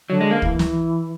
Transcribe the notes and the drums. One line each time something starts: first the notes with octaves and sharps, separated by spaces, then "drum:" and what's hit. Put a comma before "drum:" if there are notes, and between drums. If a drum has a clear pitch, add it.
D3 F#3
G#3
A#3
E3, drum: kick
drum: snare